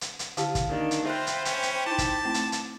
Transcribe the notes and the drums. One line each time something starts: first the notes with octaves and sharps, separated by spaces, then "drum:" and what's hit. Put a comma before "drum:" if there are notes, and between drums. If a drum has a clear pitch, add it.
drum: hi-hat
drum: hi-hat
D3 E4 G4 F5 A5, drum: hi-hat
drum: kick, hi-hat
D#3 A#3 D4
drum: hi-hat
F4 C5 E5 G5 B5 F#6
drum: hi-hat
C#4, drum: hi-hat
drum: hi-hat
D#4 E4 A5 D6
drum: kick, hi-hat
A3 C4 E4
drum: hi-hat
drum: hi-hat